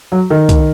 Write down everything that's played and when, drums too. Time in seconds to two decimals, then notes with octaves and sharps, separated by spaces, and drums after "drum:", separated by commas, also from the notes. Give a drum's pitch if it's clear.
0.12 F#3
0.30 D#3
0.49 drum: kick, hi-hat